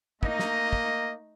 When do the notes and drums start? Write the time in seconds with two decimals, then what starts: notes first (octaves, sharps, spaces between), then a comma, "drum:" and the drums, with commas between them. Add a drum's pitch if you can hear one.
0.23 A3 A#3 D#4 D#5, drum: kick
0.39 drum: snare
0.73 drum: kick